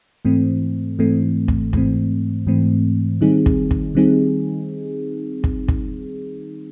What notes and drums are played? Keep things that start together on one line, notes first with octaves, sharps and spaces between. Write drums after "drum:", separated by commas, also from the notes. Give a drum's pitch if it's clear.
G#2 E3 A3 C4
G#2 E3 A3 C4
drum: kick
G#2 E3 A3 C4, drum: kick
G#2 E3 A3 C4
D#3 G3 C4 D#4 G#4
drum: kick
drum: kick
D#3 G3 C4 D#4 G#4
drum: kick
drum: kick